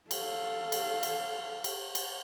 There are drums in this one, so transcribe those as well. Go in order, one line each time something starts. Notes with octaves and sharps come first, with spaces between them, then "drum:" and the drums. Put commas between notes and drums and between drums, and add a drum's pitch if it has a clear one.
A4 F5, drum: cymbal
drum: cymbal
drum: cymbal
drum: cymbal
drum: cymbal